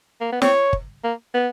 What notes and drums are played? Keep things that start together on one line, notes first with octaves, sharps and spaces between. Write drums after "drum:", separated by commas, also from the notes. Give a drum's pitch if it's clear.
A#3
B3
C4 C#5, drum: snare
drum: kick G1
A#3
B3